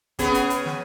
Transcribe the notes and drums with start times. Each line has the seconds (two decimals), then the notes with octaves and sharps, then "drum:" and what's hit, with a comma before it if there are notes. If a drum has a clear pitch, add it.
0.19 C#3 B3 G#4, drum: kick, hi-hat
0.34 drum: hi-hat
0.50 drum: hi-hat
0.66 drum: snare